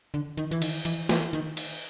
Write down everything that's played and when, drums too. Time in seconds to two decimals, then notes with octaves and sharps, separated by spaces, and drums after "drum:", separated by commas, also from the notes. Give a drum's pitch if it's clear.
0.14 D3
0.37 D#3
0.51 E3
0.62 D#3, drum: cymbal
0.85 E3, drum: cymbal
1.09 E3, drum: snare
1.33 D#3
1.57 drum: cymbal